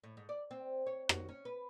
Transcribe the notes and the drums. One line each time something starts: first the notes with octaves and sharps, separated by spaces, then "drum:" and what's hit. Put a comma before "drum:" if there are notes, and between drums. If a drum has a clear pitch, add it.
A2
G#2
D5
C4
C#5
F#4, drum: rim click
C#4
B4